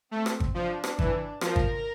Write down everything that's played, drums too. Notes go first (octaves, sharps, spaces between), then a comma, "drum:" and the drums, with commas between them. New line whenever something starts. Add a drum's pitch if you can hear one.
A3 C4
drum: rim click
drum: kick G#1
F3 D4
drum: rim click
E3, drum: kick G#1
F3 A#4, drum: rim click
drum: kick G#1